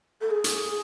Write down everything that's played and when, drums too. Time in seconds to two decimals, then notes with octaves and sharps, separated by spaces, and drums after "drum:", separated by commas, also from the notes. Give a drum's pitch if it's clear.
0.21 A4
0.31 G#4
0.44 drum: hi-hat